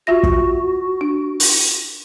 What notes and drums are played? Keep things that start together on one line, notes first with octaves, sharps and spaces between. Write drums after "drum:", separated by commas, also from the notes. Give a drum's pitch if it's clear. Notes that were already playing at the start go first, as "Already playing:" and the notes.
F4 F#4 E5 A#6
drum: kick
D4
drum: open hi-hat